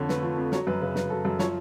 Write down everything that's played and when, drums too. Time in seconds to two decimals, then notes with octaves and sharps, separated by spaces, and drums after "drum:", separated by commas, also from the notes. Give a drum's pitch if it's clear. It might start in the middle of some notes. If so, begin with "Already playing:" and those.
Already playing: F2 D3 F3 C#5
0.09 A3 B4, drum: snare
0.23 F3
0.38 F2
0.52 F#3 C#5, drum: snare
0.67 F#2 B4
0.82 C#3 B4
0.96 F#2 B4, drum: snare
1.10 F#3 A4
1.25 F#2
1.39 F3 C#5, drum: snare